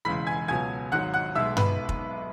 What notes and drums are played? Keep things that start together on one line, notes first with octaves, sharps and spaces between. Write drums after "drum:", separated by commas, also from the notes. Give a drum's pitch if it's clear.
E1 E2 C#3 G#3 B5 B6
G#5 G#6
C#2 B2 F#3 G#5 G#6
G#1 G#2 F#3 F#5 F#6
F#5 F#6
B1 B2 G#3 E5 E6
B4 B5, drum: tom G2
drum: kick